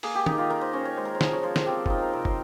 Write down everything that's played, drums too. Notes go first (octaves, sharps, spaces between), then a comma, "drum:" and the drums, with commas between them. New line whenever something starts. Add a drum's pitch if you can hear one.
A#3 G#4, drum: open hi-hat
G4
D#3 D#4, drum: tom
F4
D#3 A#4
C5
C#4 C#5
C#5
G#3 C5
A#4
C5
F3, drum: snare
C#5
F3 C5
A#4, drum: snare
C4 G4
F3 D#4 F4, drum: kick
A#4
C3 A#4
C5, drum: kick